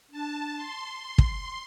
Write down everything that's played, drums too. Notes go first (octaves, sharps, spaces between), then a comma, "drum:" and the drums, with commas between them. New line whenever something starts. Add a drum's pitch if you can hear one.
D4 A5
C6
C6
drum: kick
C6